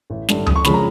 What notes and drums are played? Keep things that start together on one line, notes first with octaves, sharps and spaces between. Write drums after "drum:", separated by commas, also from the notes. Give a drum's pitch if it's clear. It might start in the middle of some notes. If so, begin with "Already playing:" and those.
A1
G2 D3 G3, drum: snare
F2 D#6, drum: tom C#2
C#6
C#3 F3 G#3 B5, drum: snare
A#5